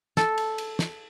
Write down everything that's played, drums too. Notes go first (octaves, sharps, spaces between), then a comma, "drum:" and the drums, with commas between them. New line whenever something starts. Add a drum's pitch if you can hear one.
A4, drum: snare
drum: cymbal
drum: cymbal
drum: snare